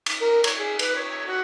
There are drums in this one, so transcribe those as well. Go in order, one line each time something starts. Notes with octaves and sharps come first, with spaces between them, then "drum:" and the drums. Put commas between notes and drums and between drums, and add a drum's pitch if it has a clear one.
drum: cymbal
A#4
C#5, drum: cymbal
G#4
B4, drum: cymbal
C#5
F#4